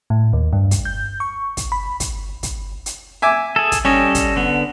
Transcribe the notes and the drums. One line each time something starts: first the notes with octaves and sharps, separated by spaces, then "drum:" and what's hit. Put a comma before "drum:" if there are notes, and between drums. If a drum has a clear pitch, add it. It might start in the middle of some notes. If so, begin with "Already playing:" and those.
A2
D#2
G2
drum: kick, hi-hat
G6
C#6
drum: kick, hi-hat
B5
drum: kick, hi-hat
drum: kick, hi-hat
drum: hi-hat
E5 G#5 D6
G#4 A4
drum: kick, hi-hat
G3 C#4 A4 D#5
drum: kick, hi-hat
D3 B3